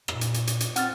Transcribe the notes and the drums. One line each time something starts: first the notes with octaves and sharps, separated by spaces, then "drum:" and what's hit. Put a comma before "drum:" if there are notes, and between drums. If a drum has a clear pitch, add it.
A#2, drum: rim click
drum: hi-hat
drum: hi-hat
drum: hi-hat
drum: hi-hat
C4 F#5 F6 A6, drum: hi-hat